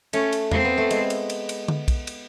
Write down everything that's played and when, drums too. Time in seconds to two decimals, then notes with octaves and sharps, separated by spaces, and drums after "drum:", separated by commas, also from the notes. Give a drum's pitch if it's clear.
0.13 A3 C#4, drum: cymbal
0.33 drum: cymbal
0.51 A#3 C4, drum: tom E2
0.65 B3
0.78 A3
0.91 G#3, drum: cymbal
1.10 drum: cymbal
1.30 drum: cymbal
1.49 drum: cymbal
1.68 drum: tom D3
1.88 drum: kick, cymbal
2.07 drum: cymbal